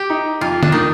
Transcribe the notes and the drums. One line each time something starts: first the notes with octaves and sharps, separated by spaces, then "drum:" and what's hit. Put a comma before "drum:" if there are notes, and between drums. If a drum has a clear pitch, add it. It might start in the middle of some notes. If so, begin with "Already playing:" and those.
Already playing: G4
D#4
F2 F4
D4, drum: tom D3
D#3 D#4